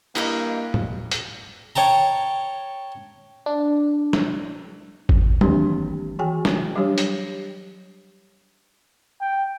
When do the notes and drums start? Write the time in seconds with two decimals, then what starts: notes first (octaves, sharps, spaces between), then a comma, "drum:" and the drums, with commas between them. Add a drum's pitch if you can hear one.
0.15 G2 A#3 E4 D#5 A#5 D#6, drum: open hi-hat
0.74 drum: tom A2
1.11 drum: hi-hat
1.76 C#5 G5 A5 A#5
3.46 D4
4.13 drum: snare
5.09 drum: kick G#1
5.41 D#3 E3 A#3 C4 D4 G4, drum: tom
6.19 E3 F#4 G#4 G5 G#5
6.45 drum: snare
6.76 F#3 G3 D4 G4 C#5
6.98 drum: hi-hat
9.21 G5